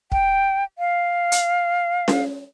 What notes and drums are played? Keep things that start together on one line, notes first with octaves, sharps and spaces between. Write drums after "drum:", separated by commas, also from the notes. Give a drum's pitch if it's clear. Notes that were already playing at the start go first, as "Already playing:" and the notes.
G5, drum: kick
F5
drum: hi-hat
drum: snare C#4